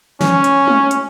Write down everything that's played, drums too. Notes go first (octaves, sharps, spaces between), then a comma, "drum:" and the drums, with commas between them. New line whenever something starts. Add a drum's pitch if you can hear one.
C#4, drum: snare
drum: hi-hat
drum: tom G#3
drum: hi-hat